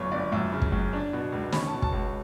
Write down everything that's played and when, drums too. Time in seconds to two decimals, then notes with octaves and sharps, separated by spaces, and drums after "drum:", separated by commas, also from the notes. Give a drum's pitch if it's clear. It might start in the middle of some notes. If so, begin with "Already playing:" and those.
Already playing: G1 F#2 C#5
0.12 G1 D5
0.32 F#2 E5
0.52 C#3
0.62 drum: kick
0.72 F#2
0.93 D4
1.13 B2
1.32 C#2
1.52 C#4 B5, drum: snare
1.67 A5
1.73 B2
1.82 A5, drum: kick
1.92 C#2